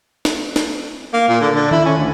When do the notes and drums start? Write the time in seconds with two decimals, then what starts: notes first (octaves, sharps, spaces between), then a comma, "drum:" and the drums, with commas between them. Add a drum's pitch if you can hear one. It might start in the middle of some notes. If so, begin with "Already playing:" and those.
0.25 drum: snare
0.56 drum: snare
1.13 A#3
1.28 A#2
1.41 D3
1.54 D3
1.71 E4, drum: tom D#3
1.85 C#4
1.98 D2